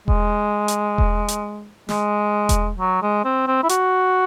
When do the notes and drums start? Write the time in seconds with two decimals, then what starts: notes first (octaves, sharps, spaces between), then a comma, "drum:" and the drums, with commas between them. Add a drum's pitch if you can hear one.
0.08 G#3, drum: kick E1
0.68 drum: hi-hat
0.98 drum: kick E1
1.28 drum: hi-hat
1.89 G#3, drum: snare
2.49 drum: kick E1, hi-hat
2.79 F#3
3.02 G#3
3.25 C4
3.47 C4
3.63 E4
3.69 F#4, drum: hi-hat